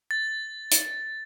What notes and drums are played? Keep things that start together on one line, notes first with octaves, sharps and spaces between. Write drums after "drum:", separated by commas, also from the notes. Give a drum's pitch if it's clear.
A6
drum: hi-hat